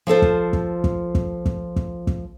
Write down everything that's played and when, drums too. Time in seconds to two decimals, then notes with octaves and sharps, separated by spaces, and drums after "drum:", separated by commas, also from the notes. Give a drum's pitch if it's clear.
0.07 F3 F4 A4 C5
0.22 drum: kick
0.53 drum: kick
0.84 drum: kick
1.15 drum: kick
1.46 drum: kick
1.76 drum: kick
2.07 drum: kick